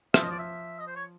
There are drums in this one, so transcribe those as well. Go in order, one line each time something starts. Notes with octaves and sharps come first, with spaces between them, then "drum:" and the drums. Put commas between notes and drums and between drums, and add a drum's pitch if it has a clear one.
F3 E5, drum: rim click
D#5
D5
E5
D#5
C5
C#5